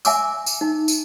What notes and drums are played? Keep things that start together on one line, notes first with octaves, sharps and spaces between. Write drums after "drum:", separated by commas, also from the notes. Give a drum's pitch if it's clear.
E5 G#5 D6 E6, drum: tambourine
drum: tambourine
D#4
drum: tambourine